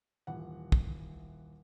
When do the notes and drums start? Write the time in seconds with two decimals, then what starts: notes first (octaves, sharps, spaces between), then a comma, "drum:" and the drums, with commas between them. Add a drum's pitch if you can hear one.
0.27 D#1 E3 F#5
0.72 drum: kick